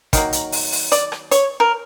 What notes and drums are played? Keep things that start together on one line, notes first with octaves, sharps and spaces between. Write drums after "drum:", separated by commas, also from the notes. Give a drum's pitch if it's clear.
D#3 F#3 A#3, drum: kick, hi-hat
drum: hi-hat
drum: open hi-hat
drum: open hi-hat
D5, drum: hi-hat
drum: rim click
C#5, drum: hi-hat
A#4